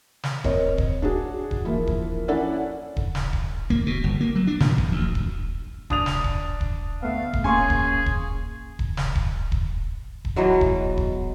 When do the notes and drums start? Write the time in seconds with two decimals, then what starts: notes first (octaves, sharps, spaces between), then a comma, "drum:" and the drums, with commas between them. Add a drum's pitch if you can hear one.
0.24 drum: snare
0.44 C4 A#4 C#5 D#5, drum: kick D#1
0.78 drum: kick D#1
1.02 D4 F#4 G#4
1.51 drum: kick D#1
1.65 E3 F3 A#3 E4
1.87 drum: kick D#1
2.28 C#4 D4 E4 A4 D5 F#5
2.97 drum: kick D#1
3.15 drum: snare
3.33 drum: kick D#1
3.70 A#3, drum: kick D#1
3.87 B2
4.04 G1
4.21 A#3
4.36 F#3
4.47 D4
4.60 A#2, drum: snare
4.78 F3, drum: kick D#1
4.92 D2
5.15 drum: kick D#1
5.90 D4 D#6 F7, drum: kick D#1
6.06 drum: snare
6.24 drum: kick D#1
6.61 drum: kick D#1
7.02 D2 A3 B3 F5
7.33 drum: kick D#1
7.44 A#3 C#4 G#4 G#5 C6 C#6
7.70 drum: kick D#1
8.06 drum: kick D#1
8.79 drum: kick D#1
8.97 drum: snare
9.15 drum: kick D#1
9.52 drum: kick D#1
10.25 drum: kick D#1
10.36 B2 E3 F#3 G#3
10.61 drum: kick D#1
10.97 drum: kick D#1